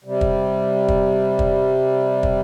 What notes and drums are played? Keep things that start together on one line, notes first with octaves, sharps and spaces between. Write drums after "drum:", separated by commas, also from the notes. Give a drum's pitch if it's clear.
C3 G3
drum: kick
drum: kick
drum: kick
drum: kick